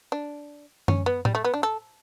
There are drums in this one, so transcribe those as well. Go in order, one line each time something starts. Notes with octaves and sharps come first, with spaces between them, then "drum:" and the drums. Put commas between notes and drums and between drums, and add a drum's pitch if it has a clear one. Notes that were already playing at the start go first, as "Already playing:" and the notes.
D4
C#4, drum: tom F#2
B3
G3, drum: tom A2
A3
B3
D4
A4